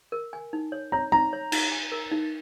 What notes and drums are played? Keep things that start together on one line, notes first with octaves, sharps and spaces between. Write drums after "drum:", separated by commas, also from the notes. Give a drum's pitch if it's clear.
A#4
G#5
D#4
C#5
C#5 A#5
D#4 A#5
C#5
D#4, drum: cymbal
G#5
A#4
D#4